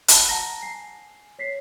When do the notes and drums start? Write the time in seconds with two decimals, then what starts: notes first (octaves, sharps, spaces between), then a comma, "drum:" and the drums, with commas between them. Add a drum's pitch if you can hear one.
0.08 F#5 A5 B5, drum: hi-hat
0.29 F#5 A5 A#5 A#6
0.62 G#5 C7
1.39 C#5 B6 C7